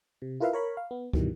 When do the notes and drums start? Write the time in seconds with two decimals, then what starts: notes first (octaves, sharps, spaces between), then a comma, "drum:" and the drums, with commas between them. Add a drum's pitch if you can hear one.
0.22 C3
0.40 E4 F4 A#4 B4 E5 F5
0.53 A#4 C#5 B5
0.77 F5
0.91 B3
1.13 G2 B2 D#3 E3 G3, drum: kick